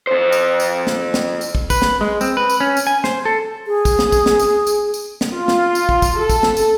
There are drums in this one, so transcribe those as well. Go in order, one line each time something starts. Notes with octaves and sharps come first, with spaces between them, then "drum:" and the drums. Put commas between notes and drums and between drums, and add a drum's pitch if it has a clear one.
F2 C5
drum: tambourine
drum: tambourine
drum: snare
drum: snare
drum: tambourine
drum: kick
B4, drum: kick, tambourine
drum: snare
G#3
C4, drum: tambourine
B4
drum: tambourine
C#4
drum: tambourine
G#5
C5, drum: snare
A4
G#4
drum: kick, tambourine
drum: snare
drum: kick, tambourine
drum: snare
drum: tambourine
drum: tambourine
drum: tambourine
drum: snare
F4
drum: snare
drum: tambourine
drum: kick
drum: kick, tambourine
A4
drum: kick, tambourine
drum: snare
drum: tambourine